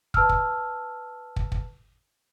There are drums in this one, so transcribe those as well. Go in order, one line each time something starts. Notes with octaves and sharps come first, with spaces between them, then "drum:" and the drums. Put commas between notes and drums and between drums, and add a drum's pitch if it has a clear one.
B4 A5 E6 F6, drum: kick
drum: kick
drum: kick
drum: kick